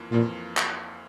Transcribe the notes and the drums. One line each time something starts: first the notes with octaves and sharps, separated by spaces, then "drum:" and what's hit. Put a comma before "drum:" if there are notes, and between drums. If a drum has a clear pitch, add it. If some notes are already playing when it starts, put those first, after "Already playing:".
Already playing: F2 E3 A#3 F4
F2 A#2 E3 A#3 F4
drum: clap